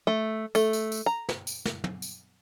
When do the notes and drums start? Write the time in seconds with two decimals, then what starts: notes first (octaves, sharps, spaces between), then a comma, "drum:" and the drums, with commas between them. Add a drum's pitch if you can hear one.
0.07 A3
0.55 A3, drum: tambourine
0.73 drum: tambourine
0.92 drum: tambourine
1.06 A#5
1.29 drum: snare
1.47 drum: tambourine
1.65 drum: snare
1.84 drum: tom
2.02 drum: tambourine